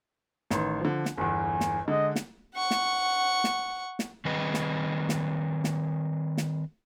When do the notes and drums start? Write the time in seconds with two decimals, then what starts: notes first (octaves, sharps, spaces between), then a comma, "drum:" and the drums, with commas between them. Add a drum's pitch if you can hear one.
0.50 A1 D#3 C6, drum: snare
0.81 D3 F3
1.06 drum: snare
1.18 G1 E2 G#5
1.61 drum: snare
1.88 D3 G#3 D#5
2.16 drum: snare
2.55 F#5 C#6
2.71 drum: snare
3.44 drum: snare
3.99 drum: snare
4.25 D#3 G3 C4 G#4 B4 D#5
4.54 drum: snare
5.09 drum: snare
5.64 drum: snare
6.38 drum: snare